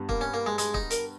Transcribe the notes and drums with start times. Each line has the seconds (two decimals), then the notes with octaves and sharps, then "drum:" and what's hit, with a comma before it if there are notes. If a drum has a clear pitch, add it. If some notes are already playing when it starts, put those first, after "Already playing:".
Already playing: G2 G3 B3 G4
0.09 A#3, drum: kick
0.21 C#4
0.34 A#3
0.46 G#3
0.58 G#3, drum: hi-hat
0.74 D#4, drum: kick
0.91 A#4, drum: hi-hat